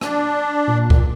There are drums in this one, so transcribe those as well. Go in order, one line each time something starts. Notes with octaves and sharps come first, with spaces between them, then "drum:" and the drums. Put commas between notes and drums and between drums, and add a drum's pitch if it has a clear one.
D4, drum: rim click
A#2
drum: kick C#2